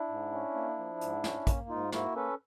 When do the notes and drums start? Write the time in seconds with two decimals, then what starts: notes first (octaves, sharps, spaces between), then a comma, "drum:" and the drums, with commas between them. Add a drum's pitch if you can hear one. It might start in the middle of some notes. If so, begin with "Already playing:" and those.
Already playing: D4 E4
0.08 G#2
0.32 C#4
0.54 A#3
0.78 F3
1.01 G#2, drum: hi-hat
1.24 C#4, drum: snare
1.47 A#3, drum: kick, hi-hat
1.69 G#2 D#4 F4
1.92 A#3 E4 F#4, drum: snare
2.15 C#4 A4 B4